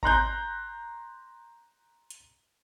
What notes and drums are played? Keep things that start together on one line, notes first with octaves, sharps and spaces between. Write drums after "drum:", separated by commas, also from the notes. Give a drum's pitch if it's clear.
A#5 C6 F#6 G6, drum: kick G#1
drum: hi-hat